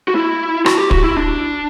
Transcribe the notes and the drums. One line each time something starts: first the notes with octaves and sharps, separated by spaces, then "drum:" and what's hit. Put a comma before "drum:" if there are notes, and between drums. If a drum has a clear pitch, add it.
F#4
E4
F#4, drum: rim click
G4
F#4, drum: kick
E4
D4